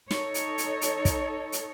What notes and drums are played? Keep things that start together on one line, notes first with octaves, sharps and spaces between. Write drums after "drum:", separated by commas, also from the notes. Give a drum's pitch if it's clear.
D#4 A4 C#5, drum: snare
drum: hi-hat
drum: hi-hat
drum: hi-hat
drum: kick, hi-hat
drum: hi-hat